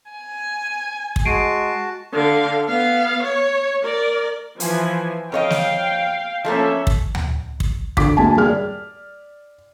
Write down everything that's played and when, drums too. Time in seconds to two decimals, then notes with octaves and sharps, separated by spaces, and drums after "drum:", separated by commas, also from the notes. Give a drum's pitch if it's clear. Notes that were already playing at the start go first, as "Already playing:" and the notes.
0.11 G#5
1.16 drum: kick
1.26 G#3 F#4 A5 C7 D7 D#7
2.12 D3 F5
2.68 B3 F5
3.23 C#5
3.83 A#4 D5
4.60 E3 F3 G#5, drum: hi-hat
5.32 F2 C#5 D#5 F5 G5
5.50 drum: snare
6.45 F3 A3 A#3 C#4 E5
6.87 drum: kick
7.15 drum: tom D2
7.60 drum: kick
7.97 D3 D6 B6, drum: kick
8.17 D2 G#3 G#5 A5
8.37 G3 G#4 F6
8.49 D5